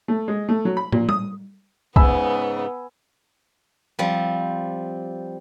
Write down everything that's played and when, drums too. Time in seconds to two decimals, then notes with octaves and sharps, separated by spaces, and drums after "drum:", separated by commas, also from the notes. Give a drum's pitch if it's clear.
0.08 A3
0.28 G#3
0.49 A3
0.65 F#3
0.77 B5
0.92 A#2, drum: tom
1.09 D#6, drum: tom G3
1.96 G#2 C#3 B3 G#5 B5 E6, drum: kick
3.99 F3 G3 C4